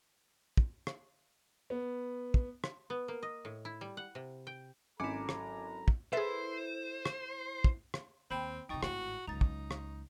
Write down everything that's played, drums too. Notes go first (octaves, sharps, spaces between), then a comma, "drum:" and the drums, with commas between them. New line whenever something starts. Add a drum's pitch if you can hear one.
drum: kick
drum: rim click
B3
drum: kick
drum: rim click
B3
A#3
D#5
A2
E4
G3
F#5
C3
G5
G#1 F#3 C#4 E4 A4 G#5 A#5 D6
drum: rim click
drum: kick
E4 G#4 A4 B4 C5 E5
drum: rim click
drum: kick
drum: rim click
D#2 C4 G5 B5
F2 C3 D#4 G5 C#6 A6
G#1 A2 F#4, drum: rim click
C#2 F#3 D#4 A#5 A6
drum: kick
drum: rim click